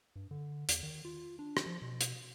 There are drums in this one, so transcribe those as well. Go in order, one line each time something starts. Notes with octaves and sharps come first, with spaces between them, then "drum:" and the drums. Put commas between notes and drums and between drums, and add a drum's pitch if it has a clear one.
G2
D3
E2, drum: hi-hat
D#3
F4
D4
drum: rim click
F3
B2
drum: hi-hat